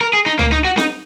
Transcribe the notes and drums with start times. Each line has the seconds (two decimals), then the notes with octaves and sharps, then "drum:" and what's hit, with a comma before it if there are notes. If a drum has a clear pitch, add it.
0.01 A#4
0.13 G#4
0.26 D#4
0.39 A#3, drum: tom
0.52 D#4
0.65 F#4
0.77 D#4, drum: snare C4